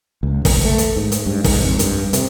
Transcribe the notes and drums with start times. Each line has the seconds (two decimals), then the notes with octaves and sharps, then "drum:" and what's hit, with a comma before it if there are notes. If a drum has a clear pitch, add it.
0.23 C#2
0.45 E1, drum: kick, open hi-hat
0.65 A3
0.78 drum: hi-hat
0.96 G#2
1.12 drum: hi-hat
1.26 G2
1.44 G#2, drum: kick, open hi-hat
1.58 F2
1.79 G2, drum: hi-hat
2.13 C3, drum: hi-hat